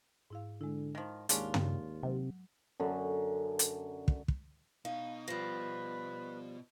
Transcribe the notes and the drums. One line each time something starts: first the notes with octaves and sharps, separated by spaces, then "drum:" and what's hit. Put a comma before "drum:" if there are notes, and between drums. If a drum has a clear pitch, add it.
G#2 E4 F5
D3 G#3 E4
D#3 F3
D#2 G#3 C#4 D4 F4 G#4, drum: hi-hat
drum: tom
C3 F#3
F#2 D3
drum: hi-hat
drum: kick
drum: kick
B2 D#4 F5
F3 G3 B4 A#6